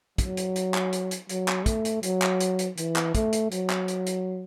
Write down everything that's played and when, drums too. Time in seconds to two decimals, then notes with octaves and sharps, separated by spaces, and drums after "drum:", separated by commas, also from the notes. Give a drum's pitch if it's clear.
0.18 F#3, drum: kick, hi-hat
0.37 drum: hi-hat
0.56 drum: hi-hat
0.74 drum: clap
0.93 drum: hi-hat
1.11 drum: hi-hat
1.29 F#3, drum: hi-hat
1.48 drum: clap
1.66 A3, drum: kick, hi-hat
1.85 drum: hi-hat
2.03 F#3, drum: hi-hat
2.22 drum: clap
2.40 drum: hi-hat
2.59 drum: hi-hat
2.78 E3, drum: hi-hat
2.96 drum: clap
3.15 A3, drum: kick, hi-hat
3.33 drum: hi-hat
3.52 F#3, drum: hi-hat
3.70 drum: clap
3.88 drum: hi-hat
4.07 drum: hi-hat